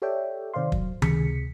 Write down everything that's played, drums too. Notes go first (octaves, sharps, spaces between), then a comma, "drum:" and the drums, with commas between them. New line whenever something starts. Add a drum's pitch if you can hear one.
G4 A4 C#5 D5 E5 G5
C3 D#3 C5 D5 F5 C6
F#3, drum: kick
C#2 C3 G#4 B6 C#7, drum: tom D#3